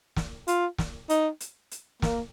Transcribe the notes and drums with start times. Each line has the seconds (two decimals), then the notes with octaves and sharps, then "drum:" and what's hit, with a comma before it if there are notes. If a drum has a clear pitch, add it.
0.16 drum: snare
0.48 F4, drum: hi-hat
0.78 drum: snare
1.09 D#4, drum: hi-hat
1.40 drum: hi-hat
1.71 drum: hi-hat
2.02 A#3, drum: snare